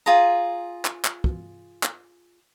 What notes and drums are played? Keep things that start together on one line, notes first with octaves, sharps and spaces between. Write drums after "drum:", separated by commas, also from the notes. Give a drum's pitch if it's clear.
F4 G#4 A#5
drum: clap
drum: clap
drum: kick
drum: clap